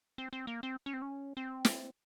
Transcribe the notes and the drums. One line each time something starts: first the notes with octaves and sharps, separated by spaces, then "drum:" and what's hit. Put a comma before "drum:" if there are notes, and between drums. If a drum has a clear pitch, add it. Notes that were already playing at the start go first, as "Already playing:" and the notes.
C4
C4
A#3
C4
C#4
C4
C#4
C4
drum: snare